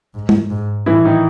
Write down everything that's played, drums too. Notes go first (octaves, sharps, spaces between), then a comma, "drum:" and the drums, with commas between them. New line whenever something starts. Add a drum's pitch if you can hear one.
G#2
drum: tom
G#2
A2 E3 E4
D#3 D#4